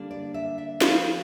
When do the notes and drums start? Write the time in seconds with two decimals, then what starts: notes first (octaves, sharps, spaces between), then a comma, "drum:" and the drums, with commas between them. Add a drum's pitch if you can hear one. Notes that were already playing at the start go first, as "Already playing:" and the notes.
Already playing: D3 G3 A#3 D4
0.11 D5
0.34 E5
0.58 E5
0.81 D3 F3 C4 F5, drum: snare